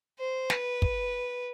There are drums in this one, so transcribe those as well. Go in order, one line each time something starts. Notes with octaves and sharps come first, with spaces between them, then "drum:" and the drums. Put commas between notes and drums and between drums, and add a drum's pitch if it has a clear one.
C5
B4, drum: snare
drum: kick